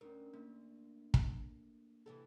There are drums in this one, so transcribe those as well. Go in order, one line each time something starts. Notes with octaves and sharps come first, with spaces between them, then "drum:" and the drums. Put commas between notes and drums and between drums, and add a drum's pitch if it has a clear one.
D2 C#4 A#4
D2 A#3
drum: kick
C3 E3 A4